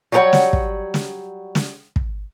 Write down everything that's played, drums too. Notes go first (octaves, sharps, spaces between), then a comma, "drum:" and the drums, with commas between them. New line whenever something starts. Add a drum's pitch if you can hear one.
F#3 G3 G4 A#4 C#5 F#5
drum: snare
drum: kick
drum: snare
drum: snare
drum: kick